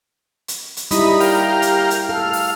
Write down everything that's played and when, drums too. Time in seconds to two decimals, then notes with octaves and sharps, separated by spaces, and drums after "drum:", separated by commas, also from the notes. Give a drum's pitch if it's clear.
0.48 drum: hi-hat
0.77 drum: hi-hat
0.91 G3 D#4 E4 B5, drum: hi-hat
1.20 G4 A#4 F5, drum: open hi-hat
1.62 drum: hi-hat
1.90 drum: hi-hat
2.09 A4 F5
2.33 drum: open hi-hat